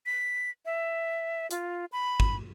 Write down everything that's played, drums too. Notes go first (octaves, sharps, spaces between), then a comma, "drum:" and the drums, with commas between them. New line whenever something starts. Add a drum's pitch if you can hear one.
B6
E5
F4, drum: hi-hat
B5
drum: kick